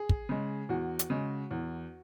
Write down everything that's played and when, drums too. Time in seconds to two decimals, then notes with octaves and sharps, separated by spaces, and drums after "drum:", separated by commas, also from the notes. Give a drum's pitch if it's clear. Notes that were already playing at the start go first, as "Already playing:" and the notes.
Already playing: G#4
0.09 drum: kick
0.29 C#3 G#3
0.69 E2 F#4
0.99 drum: hi-hat
1.10 C#3 G#3
1.51 E2